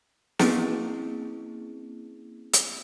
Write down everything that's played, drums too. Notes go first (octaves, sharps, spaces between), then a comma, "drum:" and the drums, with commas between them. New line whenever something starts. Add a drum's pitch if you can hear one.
A#3 C4 C#4 E4 G#4 B4, drum: snare
drum: hi-hat